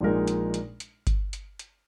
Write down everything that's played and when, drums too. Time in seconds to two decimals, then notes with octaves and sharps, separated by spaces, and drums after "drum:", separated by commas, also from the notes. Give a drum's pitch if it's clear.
0.01 A#1 A#2 G#3 D#4 A#4
0.28 drum: hi-hat
0.54 drum: hi-hat
0.80 drum: hi-hat
1.07 drum: kick G1, hi-hat
1.33 drum: hi-hat
1.59 drum: hi-hat